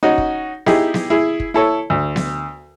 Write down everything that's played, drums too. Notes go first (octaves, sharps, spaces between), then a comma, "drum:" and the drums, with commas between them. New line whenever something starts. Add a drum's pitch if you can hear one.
C#4 D#4 F#4
drum: kick
D#4 E4 G4 G#4, drum: snare B3
drum: snare B3
E4 G#4
drum: kick
E4 A4 C#5
D2
drum: snare B3